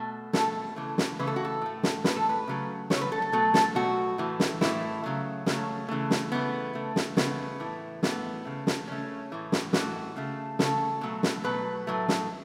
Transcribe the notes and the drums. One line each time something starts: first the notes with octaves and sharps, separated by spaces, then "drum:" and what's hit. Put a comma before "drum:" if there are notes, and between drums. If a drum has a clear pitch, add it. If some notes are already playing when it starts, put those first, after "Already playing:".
Already playing: B2 A3
B2 A3 A4, drum: snare
C#3 E3 A3
drum: snare
C#3 E3 A3 B4
A4
F#4
A4
A2 A3
drum: snare
A2 A3 B4, drum: snare
A4
B4
C#3 F#3 A3
C#3 F#3 A3 C#5, drum: snare
B4
A4
A4
B2 F#3 A3 A4
A4, drum: snare
B2 F#3 A3 F#4
A2 E3 A3
drum: snare
A2 E3 A3 E4, drum: snare
C#3 F#3 A3
C#3 F#3 A3 C#4, drum: snare
C#3 E3 A3
drum: snare
C#3 E3 A3 B3
C#3 A3
drum: snare
C#3 A3 B3, drum: snare
A2 E3 A3
A2 E3 A3 B3, drum: snare
C#3 A3
drum: snare
C#3 A3 C#4
A2 E3 A3
drum: snare
A2 E3 A3 F#4, drum: snare
C#3 A3
C#3 A3 A4, drum: snare
B2 F#3 A3
drum: snare
B2 F#3 A3 B4
A2 F#3 A3
drum: snare